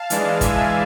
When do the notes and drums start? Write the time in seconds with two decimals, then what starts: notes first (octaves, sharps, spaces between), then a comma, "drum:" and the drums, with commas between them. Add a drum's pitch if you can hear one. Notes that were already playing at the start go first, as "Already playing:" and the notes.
Already playing: F5 A5
0.10 E3 G#3 D4, drum: hi-hat
0.41 E5 G#5, drum: kick, hi-hat